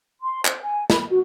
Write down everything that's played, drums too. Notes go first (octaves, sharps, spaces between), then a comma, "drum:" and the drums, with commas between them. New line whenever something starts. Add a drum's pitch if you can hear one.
C6
C5, drum: clap
G#5
B5, drum: snare
F#4